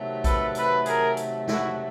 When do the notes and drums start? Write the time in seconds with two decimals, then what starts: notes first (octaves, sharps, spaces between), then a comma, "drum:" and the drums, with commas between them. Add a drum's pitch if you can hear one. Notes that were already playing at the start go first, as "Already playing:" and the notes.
Already playing: C3 D#3 F#3 A3
0.24 A4 B4, drum: kick A#1, hi-hat
0.55 A4 B4, drum: hi-hat
0.86 G#4 A#4, drum: hi-hat
1.17 drum: hi-hat
1.48 E4 F#4, drum: snare